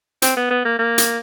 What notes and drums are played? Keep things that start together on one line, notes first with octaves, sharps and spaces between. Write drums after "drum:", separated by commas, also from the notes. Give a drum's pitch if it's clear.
C4, drum: hi-hat
B3
B3
A#3
A#3
drum: hi-hat